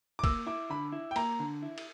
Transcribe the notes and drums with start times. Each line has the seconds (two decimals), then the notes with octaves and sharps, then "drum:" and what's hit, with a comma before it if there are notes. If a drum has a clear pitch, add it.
0.19 D6
0.24 A#3 E6, drum: kick, cymbal
0.47 E4 D6
0.70 D3 B5
0.92 E4
1.11 G5
1.16 A#3 A#5, drum: cymbal
1.40 D3
1.63 E4
1.78 drum: cymbal